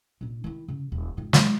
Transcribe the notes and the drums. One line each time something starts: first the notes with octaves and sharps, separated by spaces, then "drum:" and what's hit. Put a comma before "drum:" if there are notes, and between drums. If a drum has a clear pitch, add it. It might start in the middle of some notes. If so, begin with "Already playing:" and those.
A#2 D4
D#3 E4
C#3
D#1
G#2 F4
F#3 G#3, drum: snare